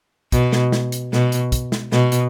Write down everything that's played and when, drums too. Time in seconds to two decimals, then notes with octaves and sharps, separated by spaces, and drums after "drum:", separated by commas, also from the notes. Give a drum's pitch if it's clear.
0.32 B2, drum: kick, hi-hat
0.52 drum: snare
0.72 drum: snare
0.92 drum: hi-hat
1.13 B2, drum: snare
1.32 drum: hi-hat
1.52 drum: kick, hi-hat
1.72 drum: snare
1.92 B2, drum: snare
2.12 drum: hi-hat